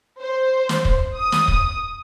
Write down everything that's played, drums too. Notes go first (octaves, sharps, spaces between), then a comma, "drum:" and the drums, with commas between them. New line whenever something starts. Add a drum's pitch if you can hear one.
C5
drum: snare
drum: kick
D#6
drum: snare
drum: kick